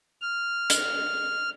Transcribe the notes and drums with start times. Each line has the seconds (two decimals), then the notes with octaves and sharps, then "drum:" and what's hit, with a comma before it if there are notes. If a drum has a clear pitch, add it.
0.21 F6
0.70 drum: hi-hat